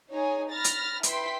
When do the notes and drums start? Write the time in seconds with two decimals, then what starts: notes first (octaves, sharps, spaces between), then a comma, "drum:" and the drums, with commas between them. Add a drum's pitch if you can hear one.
0.11 D#4 G#4 C#5 G#5
0.51 B5 F6 A6 A#6
0.64 drum: hi-hat
1.03 E4 B4 G5 C6 B6, drum: hi-hat